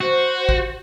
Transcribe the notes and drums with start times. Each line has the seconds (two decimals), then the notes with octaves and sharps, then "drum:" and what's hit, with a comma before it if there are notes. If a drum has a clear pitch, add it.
0.01 F#4 C5
0.49 drum: kick